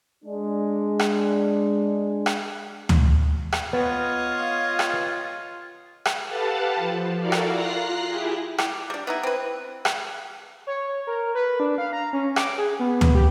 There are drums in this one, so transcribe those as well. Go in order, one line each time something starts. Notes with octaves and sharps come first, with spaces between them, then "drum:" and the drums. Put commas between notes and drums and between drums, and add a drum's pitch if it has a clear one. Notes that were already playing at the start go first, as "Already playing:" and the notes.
G#3 D4
drum: rim click
drum: rim click
drum: tom D2
drum: rim click
B3 F4 C#5 D#5 F5
drum: rim click
drum: rim click
G4 A4 B4 F5 F#5 A5
F3
E4 F#4 A4 A#4 D5 F5
drum: rim click
F4 A#5 F#6 A#6 C7
E4 G4 G#4
G3 G4, drum: rim click
G3 D4
B3 D#4 E4
C4 B4
drum: rim click
C#5
A#4
B4
D4
F5
A#5
C#4
D6, drum: rim click
G#4
B3
drum: tom D2
G4